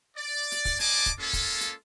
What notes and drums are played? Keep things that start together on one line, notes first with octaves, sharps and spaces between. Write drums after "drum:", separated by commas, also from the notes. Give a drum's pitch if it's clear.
D5
drum: hi-hat
drum: kick, open hi-hat
C5 D5 D#5 G#5 A5 D6, drum: hi-hat
drum: kick, hi-hat
G#3 A#3 C#4 F4 A4
drum: kick, hi-hat
drum: hi-hat